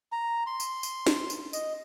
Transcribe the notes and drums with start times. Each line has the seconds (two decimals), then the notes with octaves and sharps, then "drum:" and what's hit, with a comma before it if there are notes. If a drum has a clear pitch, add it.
0.12 A#5
0.47 C6
0.60 drum: tambourine
0.83 drum: tambourine
1.07 drum: snare
1.30 drum: tambourine
1.53 D#5, drum: tambourine